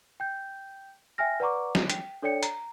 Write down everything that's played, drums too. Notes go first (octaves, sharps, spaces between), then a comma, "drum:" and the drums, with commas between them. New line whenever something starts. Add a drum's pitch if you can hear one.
G5 G6
E5 G5 G#5 F6 A#6
B4 D5 F#5 A#5 C#6 D6
drum: snare
G5, drum: hi-hat
D4 A4 C#5 D5 G5 C#7
A#5, drum: hi-hat